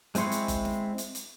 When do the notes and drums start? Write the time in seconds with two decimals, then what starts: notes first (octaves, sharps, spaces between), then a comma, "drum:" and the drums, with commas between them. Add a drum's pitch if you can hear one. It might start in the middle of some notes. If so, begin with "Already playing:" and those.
0.15 G#3 C4 E4 C6 C#6, drum: hi-hat
0.32 drum: hi-hat
0.48 drum: kick F#1, hi-hat
0.65 drum: snare
0.98 drum: hi-hat
1.15 drum: hi-hat